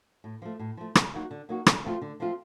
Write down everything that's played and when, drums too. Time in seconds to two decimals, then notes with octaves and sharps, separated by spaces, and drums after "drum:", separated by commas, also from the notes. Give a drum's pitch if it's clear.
0.24 A2
0.42 F3 A3
0.59 A2
0.77 F3 A3
0.95 D3, drum: rim click
1.13 F#3 A#3 D#4 F#4
1.31 D3
1.49 F#3 A#3 D#4 F#4
1.66 D3, drum: rim click
1.84 F3 A3 C4 F4
2.02 D3
2.20 F3 A3 C4 F4